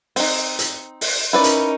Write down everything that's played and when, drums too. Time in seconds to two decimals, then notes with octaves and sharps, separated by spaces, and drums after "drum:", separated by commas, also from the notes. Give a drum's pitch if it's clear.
0.16 C4 D#4, drum: open hi-hat
0.59 drum: hi-hat
1.01 drum: open hi-hat
1.33 C#4 D#4 E4 A#4 B4 D5
1.44 drum: hi-hat